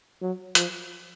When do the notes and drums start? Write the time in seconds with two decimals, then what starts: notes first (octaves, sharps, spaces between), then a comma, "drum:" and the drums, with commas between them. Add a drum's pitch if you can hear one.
0.21 F#3
0.55 F3, drum: hi-hat